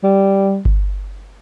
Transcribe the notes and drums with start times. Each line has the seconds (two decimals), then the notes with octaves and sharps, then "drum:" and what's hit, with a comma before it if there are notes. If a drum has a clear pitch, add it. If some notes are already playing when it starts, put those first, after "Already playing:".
0.04 G3
0.65 drum: kick G1